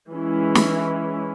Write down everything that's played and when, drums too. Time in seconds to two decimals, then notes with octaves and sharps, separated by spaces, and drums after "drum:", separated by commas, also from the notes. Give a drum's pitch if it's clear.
0.11 E3 G#3 C#4 E4
0.55 drum: snare